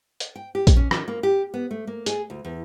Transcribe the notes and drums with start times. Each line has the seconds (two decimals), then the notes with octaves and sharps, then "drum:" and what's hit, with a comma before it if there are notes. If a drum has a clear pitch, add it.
0.20 drum: hi-hat
0.36 G5
0.55 G4
0.67 drum: kick A#1, hi-hat
0.76 C#4
0.91 D#3, drum: rim click
1.08 A#3
1.23 G4
1.54 B3
1.71 A3
1.87 A#3
2.06 G#4, drum: hi-hat
2.30 D2
2.45 E2